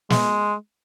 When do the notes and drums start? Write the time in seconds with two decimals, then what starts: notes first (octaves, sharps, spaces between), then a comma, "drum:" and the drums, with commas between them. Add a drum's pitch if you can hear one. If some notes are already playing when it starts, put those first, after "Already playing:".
0.10 G#3, drum: snare